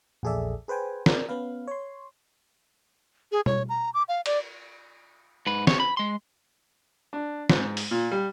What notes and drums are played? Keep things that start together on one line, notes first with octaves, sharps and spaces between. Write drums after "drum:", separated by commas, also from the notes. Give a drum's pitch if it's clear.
A#1 E2 G#4 A4 D5 E5
G#4 B4 C5 G5 G#5
A#4 D5, drum: snare
B3 C#4 B4 F5
C#5 C6
G#4
C#5, drum: tom B2
A#5
D6
F5
D5, drum: cymbal
G#2 B4
C#5, drum: snare
B5
G#3 C6
D4
G#2, drum: snare
drum: open hi-hat
A#2
G3